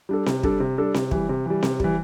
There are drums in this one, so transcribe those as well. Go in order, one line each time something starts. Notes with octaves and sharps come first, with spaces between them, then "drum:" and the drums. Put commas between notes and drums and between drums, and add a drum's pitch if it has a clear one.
G3 D4 A4
C3, drum: snare C4
G3 D4 A4, drum: kick
C3
G3 D4 A4
C3, drum: snare C4
E3 G3, drum: kick
C3
E3 G3
C3, drum: snare C4
E3 G3, drum: kick